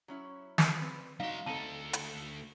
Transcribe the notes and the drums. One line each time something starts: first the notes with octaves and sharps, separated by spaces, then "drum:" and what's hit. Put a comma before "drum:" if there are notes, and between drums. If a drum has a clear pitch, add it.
F#3 C#4 E4
drum: snare
C4 B4
G3 D#4 F#4 F5 C6
D2 C4 D#4 A4 A5
drum: hi-hat